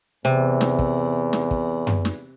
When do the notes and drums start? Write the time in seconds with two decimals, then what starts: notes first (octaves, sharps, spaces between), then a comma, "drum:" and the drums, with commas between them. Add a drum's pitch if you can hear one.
0.25 E2 C3
0.61 drum: snare
0.79 drum: kick
1.33 drum: snare
1.51 drum: kick
1.87 drum: tom F#2
2.05 drum: snare